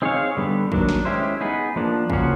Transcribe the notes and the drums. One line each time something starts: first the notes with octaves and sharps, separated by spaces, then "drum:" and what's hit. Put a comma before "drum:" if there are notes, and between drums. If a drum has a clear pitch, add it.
C4 D#4 G#4 C#5 F5
D3 G3 B3
D#3 F#3 A#3 D4, drum: kick
drum: snare
G#3 C#4 E4 G4 C5
B3 D#4 G#4 B4
F3 A#3 D4
C#3 F3 A#3 C#4 F#4, drum: kick